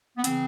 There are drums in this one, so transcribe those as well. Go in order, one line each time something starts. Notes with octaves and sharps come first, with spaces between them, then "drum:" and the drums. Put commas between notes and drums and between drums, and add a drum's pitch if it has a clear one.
B3
C#3 E3 C4, drum: hi-hat